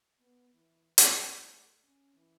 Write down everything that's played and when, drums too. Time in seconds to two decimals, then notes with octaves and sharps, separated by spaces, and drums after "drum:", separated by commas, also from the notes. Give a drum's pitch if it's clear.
0.18 B3
0.51 E3
0.98 drum: hi-hat
1.13 A3
1.82 C#4
2.14 E3